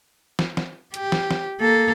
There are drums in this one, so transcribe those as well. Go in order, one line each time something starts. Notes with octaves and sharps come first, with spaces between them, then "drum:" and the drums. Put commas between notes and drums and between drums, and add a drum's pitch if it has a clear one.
drum: snare
drum: snare
G4, drum: hi-hat
drum: snare
drum: snare
A#3 A4